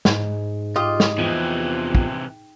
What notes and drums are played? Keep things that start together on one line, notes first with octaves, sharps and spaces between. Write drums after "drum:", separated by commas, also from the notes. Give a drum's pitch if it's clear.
G#2, drum: snare
F4 G4 D#5
drum: snare
E2 C3 E3 F3 G5 D#6
drum: kick